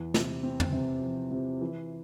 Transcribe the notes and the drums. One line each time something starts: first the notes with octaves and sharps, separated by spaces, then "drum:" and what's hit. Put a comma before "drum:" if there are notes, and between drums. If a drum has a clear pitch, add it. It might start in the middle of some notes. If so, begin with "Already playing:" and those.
Already playing: E2
C3, drum: snare
C4
drum: tom
C3
F3
C3
E3